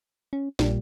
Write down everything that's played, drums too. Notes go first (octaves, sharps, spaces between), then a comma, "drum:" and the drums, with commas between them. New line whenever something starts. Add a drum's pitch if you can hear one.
C#4
A#1 A#2 G3, drum: snare